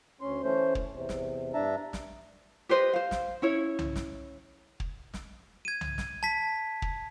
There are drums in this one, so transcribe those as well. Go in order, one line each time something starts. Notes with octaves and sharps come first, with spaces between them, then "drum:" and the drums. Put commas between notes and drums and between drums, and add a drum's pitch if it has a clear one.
D2 C#4 C6
E3 A3 C#4 C5
drum: kick
E2 C3
drum: snare
G2 D4 E5 A5 A#5
drum: snare
G4 B4 C5 D#5
C5 F5
drum: snare
C#4 E4 C#5
drum: tom C2
drum: snare
drum: kick
drum: snare
G#6 D#7
drum: tom C2
drum: snare
A5 B6
drum: kick